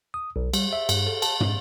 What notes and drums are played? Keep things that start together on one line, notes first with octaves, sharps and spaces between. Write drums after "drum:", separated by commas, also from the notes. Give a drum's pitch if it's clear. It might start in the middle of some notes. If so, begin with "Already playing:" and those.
D#6
B1
G3, drum: cymbal
E5
G2, drum: cymbal
A4
A5, drum: cymbal
G#2, drum: tom